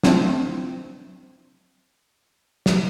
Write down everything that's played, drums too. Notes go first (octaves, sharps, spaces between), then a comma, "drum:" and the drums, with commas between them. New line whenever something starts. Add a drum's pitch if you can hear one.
A3 C4 D4 E4 F4 C5, drum: snare
drum: snare